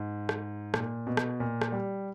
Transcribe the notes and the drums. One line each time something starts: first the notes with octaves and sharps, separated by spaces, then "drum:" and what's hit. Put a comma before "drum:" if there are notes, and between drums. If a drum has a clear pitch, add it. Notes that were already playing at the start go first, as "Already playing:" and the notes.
Already playing: G#2
drum: rim click
A#2, drum: rim click
B2
drum: rim click
A#2
drum: rim click
G3